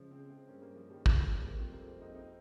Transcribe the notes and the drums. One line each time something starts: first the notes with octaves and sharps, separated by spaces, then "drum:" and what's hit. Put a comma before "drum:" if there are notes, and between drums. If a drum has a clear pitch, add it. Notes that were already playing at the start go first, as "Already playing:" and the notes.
Already playing: C#3 F3 G#3
G#3 C4
G#3 C4
G2 A#3 C#4
G3 A#3
F3 G#3
D#3 G3
drum: kick
F3 G#3
G3 A#3
F2 G#3 C4
G3 A#3
G#3 C4
C4 D#4
C4 D#4